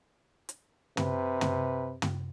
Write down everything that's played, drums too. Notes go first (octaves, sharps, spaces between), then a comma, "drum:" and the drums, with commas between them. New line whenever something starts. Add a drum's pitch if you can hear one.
drum: hi-hat
C3 B4, drum: tom
drum: tom
drum: tom